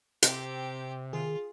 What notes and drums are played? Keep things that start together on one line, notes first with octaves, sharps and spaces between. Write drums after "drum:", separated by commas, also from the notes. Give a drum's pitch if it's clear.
C3 C4 G4, drum: hi-hat
D#3 F4 G#4